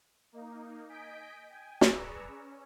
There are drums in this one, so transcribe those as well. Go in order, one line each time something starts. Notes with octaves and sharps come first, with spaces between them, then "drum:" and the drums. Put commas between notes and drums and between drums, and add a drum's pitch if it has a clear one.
A#3 D#4
D#5 G#5 G6 B6 D7
G5 G#5
G#4 B4 D5 A#5 C#6 E6, drum: snare
C#4